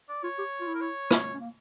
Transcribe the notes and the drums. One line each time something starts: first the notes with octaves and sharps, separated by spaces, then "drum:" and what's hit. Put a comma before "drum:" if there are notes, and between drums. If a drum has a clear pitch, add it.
D5
F4 C#5
G4
F4
E4
A#4
C#5
drum: rim click
C#4
A#3